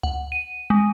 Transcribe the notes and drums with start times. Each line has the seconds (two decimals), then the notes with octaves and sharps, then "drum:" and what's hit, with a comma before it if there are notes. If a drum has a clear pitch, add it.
0.03 F#5, drum: kick C#2
0.32 D#7
0.70 G#3